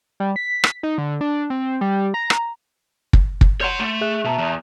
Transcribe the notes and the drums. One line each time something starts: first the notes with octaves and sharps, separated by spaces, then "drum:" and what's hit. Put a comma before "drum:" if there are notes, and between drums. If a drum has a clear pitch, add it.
G3
B6
drum: rim click
D#4
D3
D4
C4
G3
A#5
drum: rim click
drum: kick
drum: kick
C#5 F#5 C6 G6
A3
G#4 E5 F#6
B2 E5 A5 A#5
E2